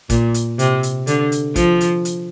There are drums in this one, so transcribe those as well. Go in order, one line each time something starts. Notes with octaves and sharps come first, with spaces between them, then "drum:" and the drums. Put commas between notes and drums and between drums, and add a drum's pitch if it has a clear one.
A#2, drum: kick, hi-hat
drum: hi-hat
C3, drum: hi-hat
drum: hi-hat
D3, drum: hi-hat
drum: hi-hat
F3, drum: kick, hi-hat
drum: hi-hat
drum: hi-hat